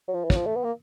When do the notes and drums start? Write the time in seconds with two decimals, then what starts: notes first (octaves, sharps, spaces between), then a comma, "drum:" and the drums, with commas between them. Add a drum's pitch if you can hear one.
0.08 F#3
0.14 F3
0.24 E3
0.30 F#3, drum: kick
0.35 F3
0.46 A3
0.56 B3
0.64 A#3